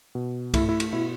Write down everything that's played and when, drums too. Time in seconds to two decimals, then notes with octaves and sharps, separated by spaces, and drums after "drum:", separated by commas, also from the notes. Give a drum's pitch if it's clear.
0.15 B2
0.54 A3 E4, drum: kick C2, cymbal
0.69 E4
0.80 drum: cymbal
0.93 B2 E4